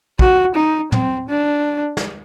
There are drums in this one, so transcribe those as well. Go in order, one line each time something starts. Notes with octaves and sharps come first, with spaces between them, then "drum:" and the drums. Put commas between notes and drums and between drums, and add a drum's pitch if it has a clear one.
F#4, drum: kick
D#4
C4, drum: tom
D4
drum: snare